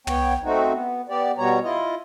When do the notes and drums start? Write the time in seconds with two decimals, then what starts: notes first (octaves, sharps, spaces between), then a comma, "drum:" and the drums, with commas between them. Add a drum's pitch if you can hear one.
0.07 B3 C#5 G5, drum: tom
0.44 A3 C4 D#4 F#4
0.73 B3
1.09 B3 G4 D5
1.38 B2 G3 B3 C#5 A#5
1.64 E4 F4 D#5